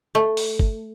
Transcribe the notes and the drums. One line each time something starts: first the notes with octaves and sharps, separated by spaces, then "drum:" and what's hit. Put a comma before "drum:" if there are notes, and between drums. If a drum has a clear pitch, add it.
A3
drum: open hi-hat
drum: kick G1